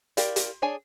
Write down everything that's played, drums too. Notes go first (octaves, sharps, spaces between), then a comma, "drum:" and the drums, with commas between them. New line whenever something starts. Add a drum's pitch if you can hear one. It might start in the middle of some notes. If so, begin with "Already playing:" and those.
E4 G4 A#4 D5 F5, drum: hi-hat
drum: hi-hat
D4 G#4 C#5 G#5